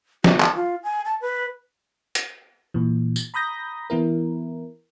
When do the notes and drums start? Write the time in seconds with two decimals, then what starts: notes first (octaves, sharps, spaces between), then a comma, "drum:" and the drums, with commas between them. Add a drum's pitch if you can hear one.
0.24 F#4, drum: snare
0.40 A5, drum: clap
0.55 F4
0.84 G#5
1.05 A5
1.21 B4
2.15 drum: hi-hat
2.74 A#2 E3
3.16 drum: tambourine
3.34 A#5 B5 D#6 G6 A#6
3.90 E3 B3 E4 A#4